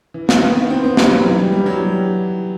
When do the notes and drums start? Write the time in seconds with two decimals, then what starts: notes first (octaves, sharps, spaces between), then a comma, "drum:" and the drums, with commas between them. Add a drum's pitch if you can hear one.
0.14 E3
0.29 D#3, drum: snare
0.43 B3
0.56 B3
0.70 C4
0.84 B3
0.97 G3, drum: snare
1.11 F#3
1.26 E3
1.39 G3
1.52 G3
1.66 F#3
1.81 G3